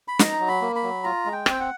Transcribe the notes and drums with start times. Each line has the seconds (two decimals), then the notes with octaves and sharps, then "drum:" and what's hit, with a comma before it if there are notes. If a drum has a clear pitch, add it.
0.08 B5
0.19 D#4 A#5, drum: snare
0.40 F#3
0.48 B5
0.61 A#3
0.76 B5
0.83 F#3
1.04 F4 A#5
1.25 G#3
1.32 G5
1.46 C4, drum: rim click
1.52 G5
1.60 F#5